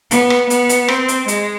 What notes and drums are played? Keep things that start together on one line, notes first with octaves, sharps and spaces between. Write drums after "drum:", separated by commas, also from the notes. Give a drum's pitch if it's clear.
B3, drum: hi-hat
drum: rim click
B3, drum: hi-hat
drum: hi-hat
C4, drum: rim click
drum: hi-hat
G#3, drum: hi-hat